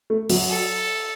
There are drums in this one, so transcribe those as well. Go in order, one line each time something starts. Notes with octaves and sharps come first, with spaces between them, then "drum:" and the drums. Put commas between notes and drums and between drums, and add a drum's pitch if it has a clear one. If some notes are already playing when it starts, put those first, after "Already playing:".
A3
F#3, drum: open hi-hat
A4